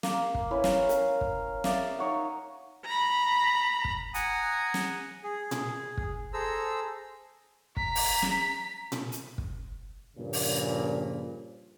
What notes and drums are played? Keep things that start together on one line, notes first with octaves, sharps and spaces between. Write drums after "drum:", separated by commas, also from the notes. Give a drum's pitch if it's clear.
A#3, drum: snare
drum: kick
C#4 E4 B4
F5, drum: snare
A#4, drum: hi-hat
drum: kick
D5 E5 F5 D#6, drum: snare
D#4 C#5 F#5
A#5 B5
drum: kick
F#5 G#5 A#5 D#6, drum: hi-hat
drum: snare
G#4
drum: tom A#2
drum: kick
G#4 A4 C5 A#5 E6
A#5 B6, drum: kick
drum: open hi-hat
drum: snare
drum: tom A#2
drum: hi-hat
drum: kick
G2 A#2 C#3 F3
drum: open hi-hat